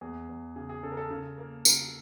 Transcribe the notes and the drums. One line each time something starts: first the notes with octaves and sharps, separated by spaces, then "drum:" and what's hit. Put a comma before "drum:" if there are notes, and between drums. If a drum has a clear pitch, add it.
E2 G#4
E2
C#3 G#4
G#4
C#3 A4
A#4
A4
C#3
A#3
C#3 A#4, drum: tambourine